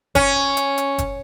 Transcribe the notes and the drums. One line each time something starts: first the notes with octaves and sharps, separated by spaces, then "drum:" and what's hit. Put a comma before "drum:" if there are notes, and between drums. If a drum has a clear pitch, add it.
C#4, drum: kick F#1, hi-hat
drum: hi-hat
drum: hi-hat
drum: kick F#1, hi-hat